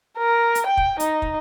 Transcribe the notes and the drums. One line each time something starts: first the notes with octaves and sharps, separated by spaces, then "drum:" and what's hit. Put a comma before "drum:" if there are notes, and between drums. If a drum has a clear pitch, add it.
A#4
drum: hi-hat
G5
drum: kick
D#4, drum: hi-hat
drum: kick